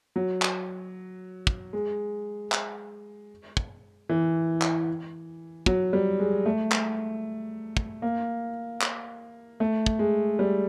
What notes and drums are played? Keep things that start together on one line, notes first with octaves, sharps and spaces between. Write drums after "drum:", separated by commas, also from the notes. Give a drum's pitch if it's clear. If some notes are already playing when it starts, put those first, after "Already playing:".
F#3
drum: clap
drum: kick
G#3
drum: clap
drum: kick
E3
drum: clap
F#3, drum: kick
G3
G#3
A3
drum: clap
drum: kick
A#3
drum: clap
A3
drum: kick
G#3
G3